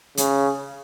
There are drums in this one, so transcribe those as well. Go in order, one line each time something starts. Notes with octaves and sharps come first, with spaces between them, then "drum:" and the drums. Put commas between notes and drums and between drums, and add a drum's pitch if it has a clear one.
C#3, drum: hi-hat